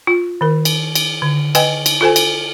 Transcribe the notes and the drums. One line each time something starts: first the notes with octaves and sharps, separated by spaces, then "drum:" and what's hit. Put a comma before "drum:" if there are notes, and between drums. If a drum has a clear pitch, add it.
F4
D#3 A#4
drum: cymbal
drum: cymbal
D3
B4 D#5 G5 G#5, drum: cymbal
drum: cymbal
F4 A4 C5 G#5
drum: cymbal